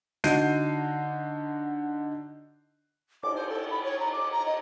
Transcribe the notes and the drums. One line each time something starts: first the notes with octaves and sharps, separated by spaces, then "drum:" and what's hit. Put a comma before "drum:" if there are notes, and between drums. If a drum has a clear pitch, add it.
D3 D#4 F#4 G6 C7 D#7, drum: hi-hat
D6, drum: cymbal
C5
A4
B5
C#5
A#5
D6
A#5
D#5